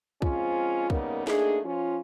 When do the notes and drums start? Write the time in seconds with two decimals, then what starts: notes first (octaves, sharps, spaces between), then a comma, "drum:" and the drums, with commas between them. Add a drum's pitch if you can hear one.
0.22 F3 G#3 C4 C#4 F4, drum: kick
0.90 C#3 G3 A#3 B3 D#4 A#4, drum: kick
1.27 A3 A#3 D4 D#4 G#4, drum: snare
1.65 F3 C#4 F4